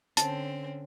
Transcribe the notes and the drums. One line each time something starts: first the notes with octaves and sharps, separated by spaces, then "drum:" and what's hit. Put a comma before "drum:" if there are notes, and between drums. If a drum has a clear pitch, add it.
D3 C4 C#4 A5, drum: hi-hat